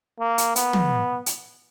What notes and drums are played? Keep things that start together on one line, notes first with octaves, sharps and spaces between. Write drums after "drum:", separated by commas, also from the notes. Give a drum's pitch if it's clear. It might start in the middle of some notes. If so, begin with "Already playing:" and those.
A#3
drum: hi-hat
B3, drum: hi-hat
drum: tom
drum: hi-hat